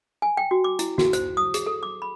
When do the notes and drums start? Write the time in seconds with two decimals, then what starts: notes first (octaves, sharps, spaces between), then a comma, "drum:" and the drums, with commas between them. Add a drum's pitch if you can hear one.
0.22 G#5
0.37 G5
0.51 F#4
0.64 D6
0.79 E4, drum: hi-hat
0.98 F#4, drum: snare
1.13 C5, drum: hi-hat
1.37 D#6
1.54 G#4, drum: hi-hat
1.66 A4
1.83 D6
2.02 B5